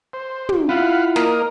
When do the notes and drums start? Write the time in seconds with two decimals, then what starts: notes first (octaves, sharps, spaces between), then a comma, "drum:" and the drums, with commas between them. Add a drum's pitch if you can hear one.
0.13 C5
0.49 drum: tom
0.69 E4 F4 F5 F#5 B5
1.16 A#3 A#4 D#5, drum: snare